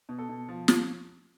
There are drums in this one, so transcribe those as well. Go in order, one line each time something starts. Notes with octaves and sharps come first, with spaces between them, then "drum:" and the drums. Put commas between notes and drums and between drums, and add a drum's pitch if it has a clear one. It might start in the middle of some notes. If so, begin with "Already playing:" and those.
B2
A4
B2
F3
drum: snare